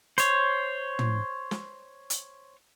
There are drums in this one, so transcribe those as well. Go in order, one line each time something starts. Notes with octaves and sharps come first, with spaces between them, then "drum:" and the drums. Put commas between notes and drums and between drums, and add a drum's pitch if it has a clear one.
C5 C#5, drum: hi-hat
drum: tom
drum: snare
drum: hi-hat